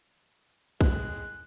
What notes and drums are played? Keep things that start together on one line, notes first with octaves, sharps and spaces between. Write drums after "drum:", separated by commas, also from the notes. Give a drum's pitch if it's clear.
C2 F2 A2 G#3 F#6, drum: kick